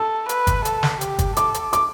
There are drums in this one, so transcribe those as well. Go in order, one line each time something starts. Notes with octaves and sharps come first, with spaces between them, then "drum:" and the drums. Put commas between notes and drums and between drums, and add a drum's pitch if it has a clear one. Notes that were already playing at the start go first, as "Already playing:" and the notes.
Already playing: A4 E6
B4, drum: hi-hat
drum: kick G1, hi-hat
A4, drum: hi-hat
drum: snare
G4, drum: hi-hat
drum: kick G1, hi-hat
A4 D6, drum: hi-hat
drum: hi-hat
D6, drum: hi-hat